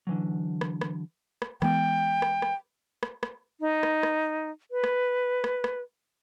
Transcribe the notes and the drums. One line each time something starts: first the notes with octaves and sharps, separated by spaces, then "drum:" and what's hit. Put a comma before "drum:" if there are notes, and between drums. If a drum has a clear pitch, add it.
D3 E3 F#3
drum: rim click
drum: rim click
drum: rim click
E3 G#3 B3 G5, drum: rim click
drum: rim click
drum: rim click
drum: rim click
drum: rim click
D#4
drum: rim click
drum: rim click
B4
drum: rim click
drum: rim click
drum: rim click